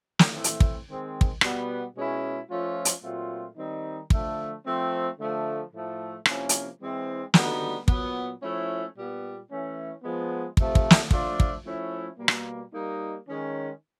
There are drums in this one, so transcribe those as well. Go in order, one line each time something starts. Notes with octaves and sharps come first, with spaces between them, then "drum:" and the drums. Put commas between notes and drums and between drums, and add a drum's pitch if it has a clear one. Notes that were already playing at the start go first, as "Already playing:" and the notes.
drum: snare
A2 E3 A3 C4 E4
drum: hi-hat
drum: kick
D#3 G#3 C4
drum: kick
B2 G3 B3, drum: rim click
B2 G#3 C#4 E4
F3 A3 C#4 F4
drum: hi-hat
A#2 F#3 A3 C4 F4
D#3 G3 C4 D#4
D3 F3 A3, drum: kick
F3 A3 C4
D3 F3 A3
A2 F3 A3
C3 F3 A#3 C#4 E4, drum: rim click
drum: hi-hat
E3 G#3 C4 E4
D3 G3 B3 D#4 F#4, drum: snare
A#2 F#3 B3, drum: kick
F3 A3 C#4 E4
A#2 G3 B3
E3 A3 C#4 E4
F3 G#3 B3
C3 F3 A3, drum: kick
drum: kick
drum: snare
F3 A3 D4 F4, drum: kick
drum: kick
F3 A3 C#4 E4
B2 G3 A#3
drum: rim click
G3 A#3 D#4
D#3 G#3 C#4